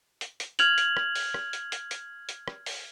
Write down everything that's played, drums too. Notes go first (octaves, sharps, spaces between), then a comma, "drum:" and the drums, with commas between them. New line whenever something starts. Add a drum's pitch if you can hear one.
drum: hi-hat
drum: hi-hat
F6 G#6 F7 F#7, drum: hi-hat
drum: hi-hat
drum: rim click
drum: open hi-hat
drum: rim click
drum: hi-hat
drum: hi-hat
drum: hi-hat
drum: hi-hat
drum: rim click
drum: open hi-hat